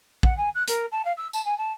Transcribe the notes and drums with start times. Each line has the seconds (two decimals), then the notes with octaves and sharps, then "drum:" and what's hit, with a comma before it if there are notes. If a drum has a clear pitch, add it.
0.23 F#5, drum: kick
0.37 G#5
0.55 F#6
0.68 A#4, drum: hi-hat
0.92 A5
1.05 F5
1.17 E6
1.33 A5, drum: tambourine
1.45 G#5
1.58 A5